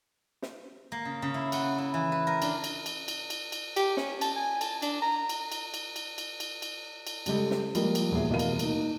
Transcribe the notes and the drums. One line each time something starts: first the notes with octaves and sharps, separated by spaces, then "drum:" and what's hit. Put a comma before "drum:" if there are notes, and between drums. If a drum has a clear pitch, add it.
drum: snare
A#3
C#3
C#3
E4
F#5, drum: cymbal
E4
E3
B4
A#4
D4, drum: cymbal
drum: cymbal
drum: cymbal
drum: cymbal
drum: cymbal
drum: cymbal
G4, drum: cymbal
C#4, drum: snare
A5, drum: cymbal
G#5
A5, drum: cymbal
D4, drum: cymbal
A#5
drum: cymbal
drum: cymbal
drum: cymbal
drum: cymbal
drum: cymbal
drum: cymbal
drum: cymbal
drum: cymbal
C#3 G3 G#3 G4 A4, drum: cymbal
drum: snare
F3 G3 G#3 A#3, drum: cymbal
drum: cymbal
D#1 E2 A#2 G#4 E5
F1 B2 E3 A#4 F5 D#7
drum: cymbal
A#3 D#4, drum: cymbal